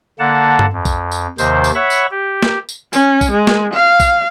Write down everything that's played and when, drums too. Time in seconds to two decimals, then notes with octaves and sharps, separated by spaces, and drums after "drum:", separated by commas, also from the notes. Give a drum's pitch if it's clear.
0.19 D3 A#3 F#5 A5
0.59 drum: tom G2
0.73 F2
0.85 drum: kick, tambourine
1.12 drum: tambourine
1.38 D#2 C3 D#3 C5, drum: tambourine
1.64 drum: tambourine
1.75 C#5 E5 F#5 B5 C#6
1.90 drum: tambourine
2.11 G4
2.43 drum: snare
2.69 drum: tambourine
2.93 C#4, drum: tambourine
3.21 drum: kick, tambourine
3.31 G#3
3.47 drum: snare
3.73 F5
4.00 drum: kick, tambourine